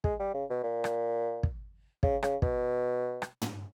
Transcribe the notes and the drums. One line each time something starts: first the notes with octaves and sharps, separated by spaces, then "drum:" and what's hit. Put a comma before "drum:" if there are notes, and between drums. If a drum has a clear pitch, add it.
G#3, drum: kick
G3
C#3
B2
A#2
drum: rim click
drum: kick
C#3, drum: kick
C#3, drum: rim click
B2, drum: kick
drum: rim click
drum: tom